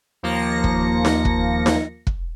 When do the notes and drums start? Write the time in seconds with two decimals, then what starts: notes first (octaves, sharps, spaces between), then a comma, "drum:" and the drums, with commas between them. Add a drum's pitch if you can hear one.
0.23 D#2 F3 A#3 A#6 C#7
0.64 drum: kick
1.05 drum: snare D#4
1.25 drum: kick
1.66 drum: snare D#4
2.07 drum: kick